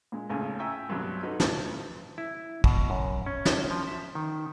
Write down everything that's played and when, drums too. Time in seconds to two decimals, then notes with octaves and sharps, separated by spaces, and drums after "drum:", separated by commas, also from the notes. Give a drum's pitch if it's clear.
0.12 A#2 G#3
0.29 G#1 D#2 A2 C#3 G#5
0.59 E5 G5 G#5 A#5 C#6 E6
0.89 C2 G2 B2 F#3 G3
1.23 D#4 F#4 A4 B4
1.40 A#2 A5, drum: snare
2.18 E4
2.64 B2, drum: kick
2.90 F#2
3.26 C#4
3.45 drum: snare
3.71 F3
3.87 E5
4.15 D#3